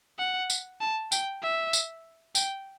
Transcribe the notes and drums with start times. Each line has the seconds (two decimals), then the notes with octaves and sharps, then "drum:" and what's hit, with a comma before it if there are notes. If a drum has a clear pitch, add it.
0.19 F#5
0.50 drum: tambourine
0.80 A5
1.12 G5, drum: tambourine
1.43 E5
1.73 drum: tambourine
2.35 G5, drum: tambourine